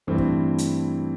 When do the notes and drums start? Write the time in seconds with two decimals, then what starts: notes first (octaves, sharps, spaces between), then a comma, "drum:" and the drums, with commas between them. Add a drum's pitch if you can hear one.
0.07 G2 E3 A3 C4
0.18 drum: kick
0.58 drum: hi-hat